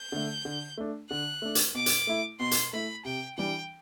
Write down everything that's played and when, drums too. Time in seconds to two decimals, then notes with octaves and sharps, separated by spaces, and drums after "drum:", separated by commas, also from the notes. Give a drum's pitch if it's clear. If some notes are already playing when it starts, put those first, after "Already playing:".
Already playing: G6
0.12 D3 A3
0.45 D3
0.77 A3 D4
1.10 D3 F#6
1.42 A3 D4
1.55 drum: hi-hat
1.74 B2 D6
1.86 drum: hi-hat
2.07 A3 E4
2.40 B2 C6
2.51 drum: hi-hat
2.73 A3 E4 B5
3.05 C3 G5
3.38 E3 G3 D4 G5